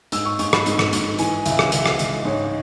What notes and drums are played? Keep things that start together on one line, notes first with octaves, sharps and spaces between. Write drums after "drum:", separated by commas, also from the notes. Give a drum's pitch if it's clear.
G#2 E6, drum: hi-hat
C#6
G#2 C#6, drum: hi-hat
B5, drum: rim click
G#2, drum: hi-hat
drum: rim click
G#2, drum: hi-hat
E3 G#5, drum: hi-hat
C#2 E5, drum: hi-hat
drum: rim click
C#2 E5, drum: hi-hat
drum: rim click
C#2, drum: hi-hat
G#2 C#5